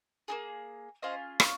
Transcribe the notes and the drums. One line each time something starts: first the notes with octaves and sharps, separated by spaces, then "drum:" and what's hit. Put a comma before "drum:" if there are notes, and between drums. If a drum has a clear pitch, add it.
A#3 D#4 G#4
C#4 F4 G#4 C5 D#5
C#5 F5, drum: rim click